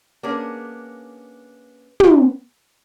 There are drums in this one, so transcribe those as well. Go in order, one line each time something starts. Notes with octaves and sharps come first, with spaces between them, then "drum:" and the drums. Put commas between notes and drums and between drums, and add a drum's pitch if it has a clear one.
A#3 B3 C#4 D4 G#4
drum: tom